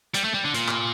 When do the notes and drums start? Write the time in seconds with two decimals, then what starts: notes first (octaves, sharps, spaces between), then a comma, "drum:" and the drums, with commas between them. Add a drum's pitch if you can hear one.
0.14 G3, drum: hi-hat
0.24 A3
0.34 G3
0.44 D3
0.54 A#2, drum: hi-hat
0.68 drum: clap